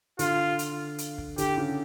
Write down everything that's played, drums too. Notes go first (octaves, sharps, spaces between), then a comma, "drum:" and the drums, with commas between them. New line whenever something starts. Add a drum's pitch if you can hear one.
D3 F4, drum: hi-hat
drum: hi-hat
drum: hi-hat
drum: kick
D3 G4, drum: hi-hat
C#3